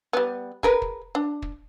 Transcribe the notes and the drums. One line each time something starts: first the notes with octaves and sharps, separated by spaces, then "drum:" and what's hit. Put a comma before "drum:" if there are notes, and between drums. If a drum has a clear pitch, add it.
G3 B3
G#4 A#4 B4, drum: kick
drum: kick
D4
drum: kick